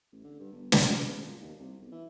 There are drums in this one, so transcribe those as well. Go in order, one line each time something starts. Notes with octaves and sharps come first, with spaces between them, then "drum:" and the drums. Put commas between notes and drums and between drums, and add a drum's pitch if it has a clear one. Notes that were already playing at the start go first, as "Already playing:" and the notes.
A1
D3
G2
G1
E3, drum: snare
C#2
F#1
A#2
D#2
C2
B1
E3